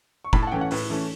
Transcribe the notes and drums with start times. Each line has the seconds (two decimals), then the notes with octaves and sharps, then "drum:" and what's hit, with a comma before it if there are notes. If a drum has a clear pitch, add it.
0.25 C#6
0.33 A2 B5, drum: kick F1
0.43 A5
0.47 F#5
0.51 E3 A3 C#4 G5
0.61 F#5
0.71 A2 B4, drum: open hi-hat
0.90 E3 A3 C#4